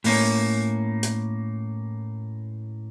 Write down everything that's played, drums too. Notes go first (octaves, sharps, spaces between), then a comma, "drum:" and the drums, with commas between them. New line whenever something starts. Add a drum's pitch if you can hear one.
A2 A#3 C#4, drum: open hi-hat
drum: hi-hat